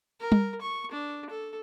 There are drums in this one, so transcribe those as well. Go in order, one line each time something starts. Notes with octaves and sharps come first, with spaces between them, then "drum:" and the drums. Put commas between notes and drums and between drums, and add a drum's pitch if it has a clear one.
A#4
drum: tom G3
C#6
D4
A4